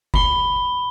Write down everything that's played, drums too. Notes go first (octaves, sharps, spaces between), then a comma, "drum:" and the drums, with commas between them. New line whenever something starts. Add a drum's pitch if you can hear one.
B5 G7, drum: kick F1